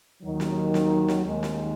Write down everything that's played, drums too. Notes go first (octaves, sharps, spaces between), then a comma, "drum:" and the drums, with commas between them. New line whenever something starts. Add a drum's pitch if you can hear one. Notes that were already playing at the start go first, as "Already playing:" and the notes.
D#2 D#3 F#3
drum: snare
drum: snare
drum: snare
D#2 D#3 G#3
drum: snare